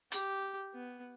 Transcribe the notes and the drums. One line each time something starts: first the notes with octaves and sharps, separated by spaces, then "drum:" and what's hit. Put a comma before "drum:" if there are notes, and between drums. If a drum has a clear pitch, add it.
G4, drum: hi-hat
B3